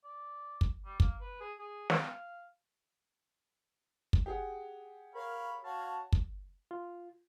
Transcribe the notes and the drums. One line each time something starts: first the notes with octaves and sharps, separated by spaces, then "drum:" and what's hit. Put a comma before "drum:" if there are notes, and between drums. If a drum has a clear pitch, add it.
D5
drum: kick
G3
A#3, drum: kick
B4
G#4
G#4
F5, drum: snare
drum: kick
G4 G#4 F#5
A#4 C#5 F5 B5
F#4 C#5 F5 A5
drum: kick
F4